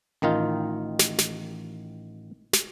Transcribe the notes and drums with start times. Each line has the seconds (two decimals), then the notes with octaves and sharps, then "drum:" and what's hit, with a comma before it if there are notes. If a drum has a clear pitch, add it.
0.22 A1 D#3 D#4 F4
0.99 drum: snare
1.18 drum: snare
2.53 drum: snare